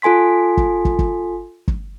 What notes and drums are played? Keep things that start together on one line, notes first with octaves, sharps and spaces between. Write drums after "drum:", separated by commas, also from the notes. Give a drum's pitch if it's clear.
F4 A4 G#5 C6 B6
drum: kick
drum: kick
drum: kick
drum: kick